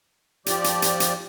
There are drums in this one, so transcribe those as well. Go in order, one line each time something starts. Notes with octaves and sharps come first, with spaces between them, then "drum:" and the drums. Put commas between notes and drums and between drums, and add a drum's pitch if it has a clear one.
F3 G4 D5, drum: hi-hat
drum: hi-hat
drum: hi-hat
drum: hi-hat